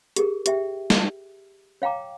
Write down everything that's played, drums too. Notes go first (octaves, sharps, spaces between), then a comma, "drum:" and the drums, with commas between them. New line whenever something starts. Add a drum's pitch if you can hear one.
G4 G#4 A#4, drum: hi-hat
G4 E5 G5, drum: hi-hat
drum: snare
C#5 F5 G5 A#5 D6